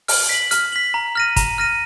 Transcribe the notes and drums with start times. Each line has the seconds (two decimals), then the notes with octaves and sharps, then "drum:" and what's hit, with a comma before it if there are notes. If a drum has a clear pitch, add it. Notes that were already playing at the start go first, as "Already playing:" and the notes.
0.08 F6, drum: open hi-hat
0.29 B6 F#7
0.51 F6, drum: hi-hat
0.72 B6 F#7
0.94 A#5
1.15 F6 A#6 D#7
1.36 A#5, drum: kick, hi-hat
1.58 F6 A#6 D#7